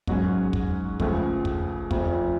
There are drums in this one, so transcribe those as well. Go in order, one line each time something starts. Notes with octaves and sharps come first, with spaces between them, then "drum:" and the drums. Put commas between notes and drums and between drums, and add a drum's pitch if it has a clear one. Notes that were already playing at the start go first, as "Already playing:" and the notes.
G#2 F#3 C#4, drum: kick
drum: kick
C#2 C#3 F3 A3, drum: kick
drum: kick
F1 F2 F3, drum: kick